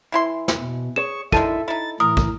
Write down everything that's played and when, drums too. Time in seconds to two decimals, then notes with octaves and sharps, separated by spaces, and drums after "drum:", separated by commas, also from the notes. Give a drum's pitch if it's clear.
0.12 E3 E4 C6
0.48 drum: snare
0.59 B2
0.96 G#4 C#5 C#6 E7
1.32 D3 D#3 G#3 E4 A4 E5 D#7, drum: kick
1.68 D#4 E4 A6
2.00 A2 E3 A#4 D#6
2.17 drum: kick